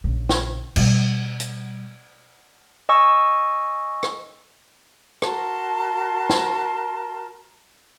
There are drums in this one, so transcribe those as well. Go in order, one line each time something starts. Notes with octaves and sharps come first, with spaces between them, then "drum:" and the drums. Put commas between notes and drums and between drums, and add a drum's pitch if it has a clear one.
A#1 C#3
drum: snare
B2 G3, drum: cymbal
drum: hi-hat
D#5 G#5 C#6 E6
drum: rim click
F#4 A#4 A5 C6, drum: rim click
drum: snare